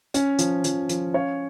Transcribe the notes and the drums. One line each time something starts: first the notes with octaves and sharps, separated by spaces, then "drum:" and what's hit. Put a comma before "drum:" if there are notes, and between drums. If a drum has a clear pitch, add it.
C#4, drum: hi-hat
F3, drum: hi-hat
F3, drum: hi-hat
F3, drum: hi-hat
C#4 C#5 F5